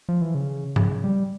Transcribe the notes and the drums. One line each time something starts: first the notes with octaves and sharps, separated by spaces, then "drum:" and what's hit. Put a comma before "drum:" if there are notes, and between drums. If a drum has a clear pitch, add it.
F3
E3
C#3
C#3, drum: tom G#2
G3